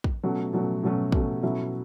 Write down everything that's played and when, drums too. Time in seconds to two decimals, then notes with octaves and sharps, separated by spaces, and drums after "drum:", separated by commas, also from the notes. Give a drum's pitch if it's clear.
0.04 drum: kick
0.23 B2 F#3 A3 C#4
0.53 B2 F#3 A3 C#4
0.83 B2 F#3 A3 C#4
1.12 B2 F#3 A3 C#4, drum: kick
1.43 B2 F#3 A3 C#4 E4